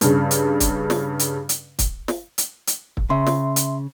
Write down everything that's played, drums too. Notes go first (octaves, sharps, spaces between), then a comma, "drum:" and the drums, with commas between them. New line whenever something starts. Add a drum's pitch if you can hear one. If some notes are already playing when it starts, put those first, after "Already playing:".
G2 C#3, drum: hi-hat
drum: hi-hat
drum: kick, hi-hat
drum: snare
drum: hi-hat
drum: hi-hat
drum: kick, hi-hat
drum: snare
drum: hi-hat
drum: hi-hat
drum: kick
C#3 E5 C6
drum: snare
drum: hi-hat